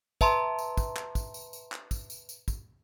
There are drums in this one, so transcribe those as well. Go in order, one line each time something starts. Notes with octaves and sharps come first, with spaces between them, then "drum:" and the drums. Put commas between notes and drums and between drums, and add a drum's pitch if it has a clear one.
B4 E5 A5 A#5 C6, drum: kick, tambourine
drum: tambourine
drum: kick, tambourine
drum: clap
drum: kick, tambourine
drum: tambourine
drum: tambourine
drum: clap
drum: kick, tambourine
drum: tambourine
drum: tambourine
drum: kick, tambourine